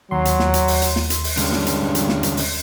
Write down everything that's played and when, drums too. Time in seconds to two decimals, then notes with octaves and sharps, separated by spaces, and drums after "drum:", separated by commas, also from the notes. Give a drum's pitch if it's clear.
0.11 D#2 F#3 C6
0.25 drum: hi-hat
0.39 drum: snare
0.54 drum: hi-hat
0.68 drum: open hi-hat
0.82 drum: hi-hat
0.96 drum: snare
1.10 drum: hi-hat
1.24 drum: open hi-hat
1.37 G2 D3 G#3 C#4, drum: hi-hat
1.52 drum: snare
1.67 drum: hi-hat
1.95 drum: hi-hat
2.09 drum: snare
2.23 drum: hi-hat
2.37 drum: open hi-hat